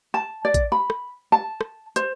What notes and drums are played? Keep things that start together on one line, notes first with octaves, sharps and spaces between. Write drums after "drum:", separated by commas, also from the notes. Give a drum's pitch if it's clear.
A5
D5
drum: kick A1, hi-hat
B5
drum: rim click
A5
drum: rim click
C5, drum: hi-hat